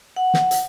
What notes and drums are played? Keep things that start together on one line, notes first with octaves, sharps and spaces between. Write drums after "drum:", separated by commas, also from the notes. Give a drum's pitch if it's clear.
F#5
drum: snare
drum: hi-hat